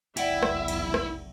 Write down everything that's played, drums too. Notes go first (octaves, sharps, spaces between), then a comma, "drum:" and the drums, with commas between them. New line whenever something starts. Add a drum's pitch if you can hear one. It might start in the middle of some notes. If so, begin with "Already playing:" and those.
F1 B1 E2 E4 D5 E5 F#5 G5, drum: cymbal
drum: rim click
drum: cymbal
drum: rim click